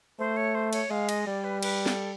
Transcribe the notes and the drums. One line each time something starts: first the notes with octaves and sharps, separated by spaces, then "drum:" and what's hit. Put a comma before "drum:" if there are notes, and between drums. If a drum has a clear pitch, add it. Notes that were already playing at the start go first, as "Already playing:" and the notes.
A3 C5
C#5
C5
C#5, drum: cymbal
G#3 F5
D#5, drum: cymbal
G3 D5
B4
B4, drum: cymbal
A4, drum: snare